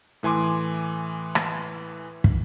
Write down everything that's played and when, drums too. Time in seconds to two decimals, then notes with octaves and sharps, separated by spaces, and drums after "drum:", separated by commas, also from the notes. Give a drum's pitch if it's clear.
0.23 A2 E3 G#5 C6 D6
1.35 drum: rim click
2.24 drum: kick